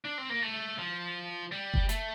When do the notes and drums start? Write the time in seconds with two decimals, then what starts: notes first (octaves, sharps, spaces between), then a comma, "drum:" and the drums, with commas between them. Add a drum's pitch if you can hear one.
0.05 D4
0.18 C4
0.30 A#3
0.42 A3
0.78 F3
1.52 G3
1.74 drum: kick F#1
1.89 A3, drum: hi-hat